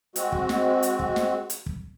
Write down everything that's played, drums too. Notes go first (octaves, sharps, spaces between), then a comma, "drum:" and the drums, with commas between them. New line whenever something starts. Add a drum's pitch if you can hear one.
G#3 C4 F#4, drum: hi-hat
drum: kick
drum: snare
drum: hi-hat
drum: kick
drum: snare
drum: hi-hat
drum: kick